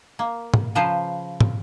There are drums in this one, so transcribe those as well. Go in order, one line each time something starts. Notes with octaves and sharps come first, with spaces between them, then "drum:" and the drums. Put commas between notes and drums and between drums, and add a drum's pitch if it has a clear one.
A#3
drum: tom
C#3 F3 B4 C5 A#5
drum: tom